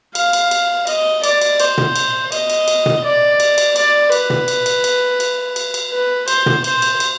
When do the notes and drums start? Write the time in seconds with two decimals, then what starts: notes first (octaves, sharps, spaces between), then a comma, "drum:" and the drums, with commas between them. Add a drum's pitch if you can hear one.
0.15 F5, drum: cymbal
0.33 drum: cymbal
0.51 drum: cymbal
0.87 D#5, drum: cymbal
1.24 D5, drum: cymbal
1.41 drum: cymbal
1.60 C5, drum: cymbal
1.78 drum: tom
1.96 drum: cymbal
2.32 D#5, drum: cymbal
2.50 drum: cymbal
2.68 drum: cymbal
2.86 drum: tom
3.04 D5
3.40 drum: cymbal
3.58 drum: cymbal
3.76 D5, drum: cymbal
4.12 B4, drum: cymbal
4.30 drum: tom
4.48 drum: cymbal
4.66 drum: cymbal
4.84 drum: cymbal
5.20 drum: cymbal
5.56 drum: cymbal
5.74 drum: cymbal
5.92 B4
6.28 C5, drum: cymbal
6.46 drum: tom
6.64 C5, drum: cymbal
6.82 drum: cymbal
7.00 drum: cymbal